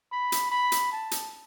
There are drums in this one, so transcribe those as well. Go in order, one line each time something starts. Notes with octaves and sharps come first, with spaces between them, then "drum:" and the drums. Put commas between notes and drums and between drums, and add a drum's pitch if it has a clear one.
B5
drum: hi-hat
B5
drum: hi-hat
A5
drum: hi-hat